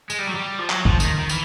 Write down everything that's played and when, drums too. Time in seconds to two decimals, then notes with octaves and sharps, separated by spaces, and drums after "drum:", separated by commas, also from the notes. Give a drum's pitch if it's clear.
0.10 G#3, drum: tambourine
0.18 G3
0.27 F#3
0.36 G3
0.59 F3
0.70 F#3, drum: clap
0.85 F3, drum: kick
1.00 D#3, drum: tambourine
1.18 D#3
1.29 E3, drum: tambourine